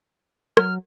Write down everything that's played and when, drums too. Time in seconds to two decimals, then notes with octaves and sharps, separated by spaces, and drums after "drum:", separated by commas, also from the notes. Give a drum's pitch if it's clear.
0.57 F#3 F6, drum: rim click